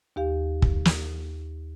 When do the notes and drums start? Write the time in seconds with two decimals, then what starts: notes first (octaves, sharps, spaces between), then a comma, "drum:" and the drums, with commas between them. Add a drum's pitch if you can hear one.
0.16 D#2 G4 F5
0.62 drum: kick
0.85 drum: snare